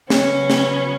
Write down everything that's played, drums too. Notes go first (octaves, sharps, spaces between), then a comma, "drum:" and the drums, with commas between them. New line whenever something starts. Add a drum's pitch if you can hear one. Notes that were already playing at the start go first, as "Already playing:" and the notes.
C#3 F#3 B3 C#4, drum: snare
drum: snare